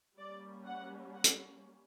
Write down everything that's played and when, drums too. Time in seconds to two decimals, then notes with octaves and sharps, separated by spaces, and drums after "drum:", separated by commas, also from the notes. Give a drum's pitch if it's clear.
0.18 G3 A#3 C#4 D5
0.65 F#5
1.13 F#5
1.24 drum: hi-hat